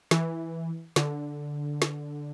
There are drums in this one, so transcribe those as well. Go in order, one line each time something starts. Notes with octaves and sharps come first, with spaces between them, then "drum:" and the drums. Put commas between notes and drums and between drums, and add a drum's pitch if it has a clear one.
E3, drum: snare
D3, drum: snare
drum: snare